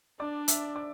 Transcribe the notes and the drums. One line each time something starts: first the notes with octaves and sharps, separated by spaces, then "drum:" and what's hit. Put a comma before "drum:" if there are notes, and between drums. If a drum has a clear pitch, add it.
D4 D5 D6
E5 E6, drum: hi-hat
D5 D6